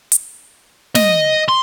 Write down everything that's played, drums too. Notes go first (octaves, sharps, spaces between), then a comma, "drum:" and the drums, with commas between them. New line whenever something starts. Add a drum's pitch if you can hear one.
drum: hi-hat
D#5, drum: snare
C6